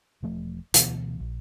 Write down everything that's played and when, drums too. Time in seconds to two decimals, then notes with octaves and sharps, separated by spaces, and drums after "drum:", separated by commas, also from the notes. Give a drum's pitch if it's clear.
0.23 E1 F3 A3
0.74 D2 B2 E3 B3, drum: hi-hat
1.20 A#1